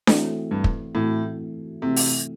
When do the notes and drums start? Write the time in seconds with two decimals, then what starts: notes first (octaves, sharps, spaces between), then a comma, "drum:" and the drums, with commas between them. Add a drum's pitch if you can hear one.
0.07 E3 A3 C4 F#4 A4, drum: snare D4
0.51 G2
0.64 drum: kick
0.94 A2 E3 A3 C4 F#4 A4
1.82 C3 E3 A3 C4 F#4 A4
1.96 drum: open hi-hat